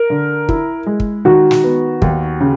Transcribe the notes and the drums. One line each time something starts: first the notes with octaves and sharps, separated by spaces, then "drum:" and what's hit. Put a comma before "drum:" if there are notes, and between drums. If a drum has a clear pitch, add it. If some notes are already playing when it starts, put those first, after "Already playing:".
Already playing: A#4
D3
E4, drum: kick
G#3
drum: kick
D#3 F#4
drum: snare
B3
D#2, drum: kick
C#3